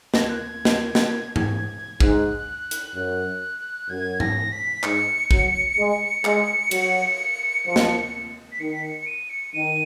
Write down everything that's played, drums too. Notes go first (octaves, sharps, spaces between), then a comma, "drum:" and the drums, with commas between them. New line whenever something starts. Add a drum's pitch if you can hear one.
A#6, drum: snare
G#6
F#6
G#6
drum: snare
drum: snare
drum: tom G#2
G#2 F#6, drum: kick
drum: hi-hat
F#2
F#2 G#6
A#6, drum: tom G#2
B6
G#2 C#7, drum: clap
F#3, drum: kick
G#3
G#3, drum: clap
F#3, drum: cymbal
F3
drum: snare
B6
D#3 C#7
B6
C#7
C#7
D#7
C#7
D#3 D#7